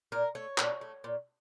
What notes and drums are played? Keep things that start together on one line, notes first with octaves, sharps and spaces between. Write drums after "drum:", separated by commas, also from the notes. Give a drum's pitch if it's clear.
A#2 A#4
A3 C#5
A#2, drum: clap
A3
A#2